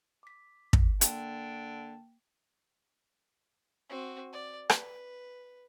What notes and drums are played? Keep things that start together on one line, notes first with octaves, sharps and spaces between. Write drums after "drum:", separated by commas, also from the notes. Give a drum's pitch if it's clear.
D6 B6
drum: kick
D3 A#3 G5 A5, drum: hi-hat
C4 F#4
D5
B4, drum: rim click